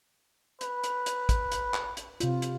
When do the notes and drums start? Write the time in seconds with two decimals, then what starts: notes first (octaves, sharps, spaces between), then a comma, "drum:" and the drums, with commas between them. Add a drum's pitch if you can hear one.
0.61 B4, drum: hi-hat
0.84 drum: hi-hat
1.06 drum: hi-hat
1.29 drum: kick, hi-hat
1.52 drum: hi-hat
1.74 drum: clap
1.97 drum: hi-hat
2.20 C3 F4, drum: hi-hat
2.42 drum: hi-hat